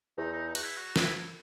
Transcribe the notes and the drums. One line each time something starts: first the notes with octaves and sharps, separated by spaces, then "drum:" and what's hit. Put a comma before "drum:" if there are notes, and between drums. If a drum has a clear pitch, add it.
E2 D#4
D#4
D#4
F#4, drum: cymbal
E4
F#4
E4, drum: snare